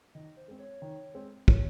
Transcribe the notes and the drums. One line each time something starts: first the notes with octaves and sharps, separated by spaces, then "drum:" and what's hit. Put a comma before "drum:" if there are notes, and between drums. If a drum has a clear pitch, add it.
D#3 D#5
C5
G#3 C4
C#5
D#3
G#3 C4
C3 C#5, drum: kick